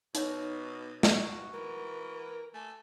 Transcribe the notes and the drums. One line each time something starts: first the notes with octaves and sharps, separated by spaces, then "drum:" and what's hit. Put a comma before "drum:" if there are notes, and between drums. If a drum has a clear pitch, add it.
B2 D#4 F#4 A#4 C#5, drum: hi-hat
F#4, drum: snare
E3 A#4
A3 G#5 A5